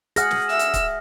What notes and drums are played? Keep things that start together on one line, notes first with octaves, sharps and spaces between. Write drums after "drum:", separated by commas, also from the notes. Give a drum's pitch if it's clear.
G#4 F#5 F6 A#6, drum: hi-hat
drum: snare
E5 E6
drum: hi-hat
drum: kick C#1, hi-hat